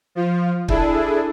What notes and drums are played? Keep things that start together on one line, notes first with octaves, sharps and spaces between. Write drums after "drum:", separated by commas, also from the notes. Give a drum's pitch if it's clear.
F3 F4
D4 E4 G#4 A4, drum: kick